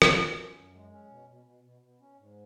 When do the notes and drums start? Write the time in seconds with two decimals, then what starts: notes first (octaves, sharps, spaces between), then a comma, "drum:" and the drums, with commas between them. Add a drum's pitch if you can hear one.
0.02 C#4, drum: rim click
0.20 D#3
0.38 C#4
0.56 F#2
0.74 G#3
0.92 C#4
1.10 B2
1.28 B2
1.46 B2
1.64 B2
1.82 B2
2.00 C#4
2.18 G#2